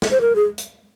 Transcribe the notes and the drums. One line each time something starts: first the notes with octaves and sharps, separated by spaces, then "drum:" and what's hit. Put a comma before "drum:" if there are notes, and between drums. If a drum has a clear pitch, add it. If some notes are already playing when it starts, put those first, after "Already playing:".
drum: snare
C5
A#4
G#4
drum: hi-hat